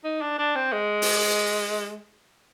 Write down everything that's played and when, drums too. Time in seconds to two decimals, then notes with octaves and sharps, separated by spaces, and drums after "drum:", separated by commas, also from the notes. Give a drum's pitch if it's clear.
0.04 D#4
0.21 D4
0.38 D4
0.55 C4
0.72 G#3
1.02 drum: open hi-hat